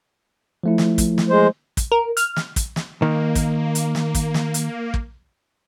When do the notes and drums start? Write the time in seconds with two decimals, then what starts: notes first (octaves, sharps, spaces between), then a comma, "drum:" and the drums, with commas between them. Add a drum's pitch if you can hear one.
0.63 F3 A3 E4
0.78 drum: snare
0.98 drum: kick, hi-hat
1.18 drum: snare
1.29 G#3 C5
1.77 drum: kick, hi-hat
1.92 A#4
2.17 F6, drum: hi-hat
2.36 drum: snare
2.56 drum: kick, hi-hat
2.76 drum: snare
3.02 D#3 A#3
3.35 drum: kick, hi-hat
3.75 drum: hi-hat
3.95 drum: snare
4.15 drum: kick, hi-hat
4.34 drum: snare
4.54 drum: hi-hat
4.94 drum: kick